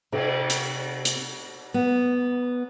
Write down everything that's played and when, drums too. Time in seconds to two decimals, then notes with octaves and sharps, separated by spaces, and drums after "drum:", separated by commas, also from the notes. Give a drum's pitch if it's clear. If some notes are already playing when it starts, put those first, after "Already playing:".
0.12 C3, drum: cymbal
0.50 drum: hi-hat
1.05 drum: hi-hat
1.74 B3